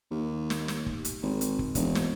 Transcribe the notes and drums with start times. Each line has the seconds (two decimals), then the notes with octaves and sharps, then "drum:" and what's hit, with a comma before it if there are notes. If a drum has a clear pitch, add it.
0.11 D#2
0.50 drum: snare
0.68 drum: snare
0.86 drum: kick
1.05 drum: hi-hat
1.23 G#1
1.41 drum: hi-hat
1.59 drum: kick
1.75 E1, drum: kick, hi-hat
1.95 drum: snare